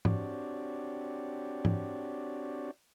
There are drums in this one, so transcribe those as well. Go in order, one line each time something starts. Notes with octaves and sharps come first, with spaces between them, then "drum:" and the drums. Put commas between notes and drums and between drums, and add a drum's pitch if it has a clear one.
C4 D4 F#4 G4 C#5 D5, drum: tom G#2
drum: tom G#2